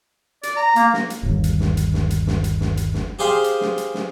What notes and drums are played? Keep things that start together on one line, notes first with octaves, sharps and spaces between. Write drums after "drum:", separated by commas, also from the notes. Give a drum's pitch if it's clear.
D5, drum: hi-hat
A#5
A#3, drum: hi-hat
drum: snare
drum: hi-hat
G1 D#2
drum: hi-hat
drum: snare
drum: hi-hat
drum: snare
drum: hi-hat
drum: snare
drum: hi-hat
drum: snare
drum: hi-hat
drum: snare
G4 G#4 C5 F5
drum: hi-hat
drum: snare
drum: hi-hat
drum: snare